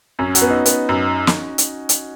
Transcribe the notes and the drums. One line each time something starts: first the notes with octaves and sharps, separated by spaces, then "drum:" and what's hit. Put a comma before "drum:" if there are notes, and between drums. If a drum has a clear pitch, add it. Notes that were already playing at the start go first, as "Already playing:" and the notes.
F#2 C#4
F#4, drum: hi-hat
B3
D#4
B3, drum: hi-hat
F#2
drum: snare
drum: hi-hat
drum: hi-hat